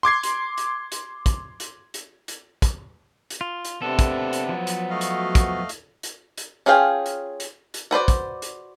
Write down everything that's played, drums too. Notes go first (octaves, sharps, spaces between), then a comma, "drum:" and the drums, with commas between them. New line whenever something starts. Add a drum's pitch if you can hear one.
C6 D6 G#6 C7
drum: hi-hat
drum: hi-hat
drum: hi-hat
drum: kick, hi-hat
drum: hi-hat
drum: hi-hat
drum: hi-hat
drum: kick, hi-hat
drum: hi-hat
F4
drum: hi-hat
C3 B3 D4 A4 C5
drum: kick, hi-hat
drum: hi-hat
F3 F#3
drum: hi-hat
A3 F#4 D#5 F5
drum: hi-hat
drum: kick, hi-hat
drum: hi-hat
drum: hi-hat
drum: hi-hat
C#4 F4 G#4 F5 G5
drum: hi-hat
drum: hi-hat
drum: hi-hat
F#4 B4 C5 D5
drum: kick, hi-hat
drum: hi-hat